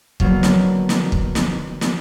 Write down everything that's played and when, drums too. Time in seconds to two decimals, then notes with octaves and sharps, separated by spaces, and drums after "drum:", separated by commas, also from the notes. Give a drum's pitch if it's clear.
0.20 D3 F#3 A#3 B3, drum: kick
0.43 drum: snare
0.89 drum: snare
1.12 drum: kick
1.35 drum: snare
1.81 drum: snare